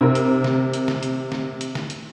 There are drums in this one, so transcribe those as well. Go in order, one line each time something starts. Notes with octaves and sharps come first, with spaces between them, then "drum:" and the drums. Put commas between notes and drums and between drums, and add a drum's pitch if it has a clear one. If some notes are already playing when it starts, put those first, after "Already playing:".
C3 A#4
drum: hi-hat
drum: snare
drum: hi-hat
drum: snare
drum: hi-hat
drum: snare
drum: hi-hat
drum: snare
drum: hi-hat